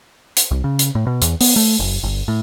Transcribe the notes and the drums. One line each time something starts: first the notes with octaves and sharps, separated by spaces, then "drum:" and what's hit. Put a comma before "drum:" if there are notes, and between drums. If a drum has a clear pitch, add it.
drum: hi-hat
C2
C#3
drum: hi-hat
A2
B2
E2, drum: hi-hat
B3, drum: open hi-hat
A3
F#1
G1
A2